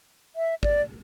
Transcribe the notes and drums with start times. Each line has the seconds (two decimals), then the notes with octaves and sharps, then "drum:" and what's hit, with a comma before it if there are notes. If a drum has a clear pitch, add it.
0.36 E5
0.63 D5, drum: kick